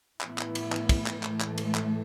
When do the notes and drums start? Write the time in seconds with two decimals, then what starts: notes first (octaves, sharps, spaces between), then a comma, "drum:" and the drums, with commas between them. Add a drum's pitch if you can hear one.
0.21 A2 E3 B3 E4, drum: clap
0.38 drum: clap
0.55 drum: cymbal
0.72 drum: clap
0.89 drum: kick, cymbal
1.06 drum: clap
1.23 A2 E3 A3, drum: clap
1.41 drum: clap
1.58 drum: cymbal
1.75 drum: clap